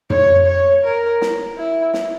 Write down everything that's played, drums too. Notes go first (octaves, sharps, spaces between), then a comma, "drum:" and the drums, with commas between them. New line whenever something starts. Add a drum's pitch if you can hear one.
C#5, drum: tom
C#5
A#4
drum: snare
E4
drum: snare